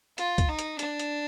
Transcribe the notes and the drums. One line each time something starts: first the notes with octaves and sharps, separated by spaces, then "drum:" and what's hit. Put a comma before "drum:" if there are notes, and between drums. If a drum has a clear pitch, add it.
F4, drum: hi-hat
drum: kick, hi-hat
D#4
drum: hi-hat
D4, drum: hi-hat
drum: hi-hat